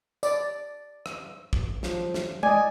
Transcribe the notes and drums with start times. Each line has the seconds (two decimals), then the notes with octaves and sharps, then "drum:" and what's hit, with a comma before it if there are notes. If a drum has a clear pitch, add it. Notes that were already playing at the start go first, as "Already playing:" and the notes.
0.23 D5, drum: tambourine
1.06 drum: rim click
1.53 drum: kick
1.83 F3, drum: snare
2.14 drum: snare
2.43 D5 D#5 G#5, drum: tom G#3